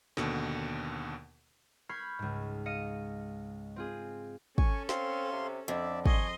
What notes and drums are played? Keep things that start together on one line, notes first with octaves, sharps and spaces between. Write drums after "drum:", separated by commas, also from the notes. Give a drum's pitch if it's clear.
D#2 B2 D3, drum: snare
B5 C#6 F6 G6 G#6 C7
C#2 G#2
D#5 F5 C#7 D#7
C4 F4 G#4
C#4 A4 G#5 C#6, drum: kick
C4 F5 C6, drum: snare
C3
F2 D3 D5 E5
D#5 G#5 C6 C#6, drum: kick